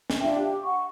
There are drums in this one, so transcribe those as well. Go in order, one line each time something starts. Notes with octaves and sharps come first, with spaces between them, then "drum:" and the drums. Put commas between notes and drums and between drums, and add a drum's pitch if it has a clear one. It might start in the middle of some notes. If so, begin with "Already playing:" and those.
drum: snare
D4 F4 E5 G5
G4
F#5 C#6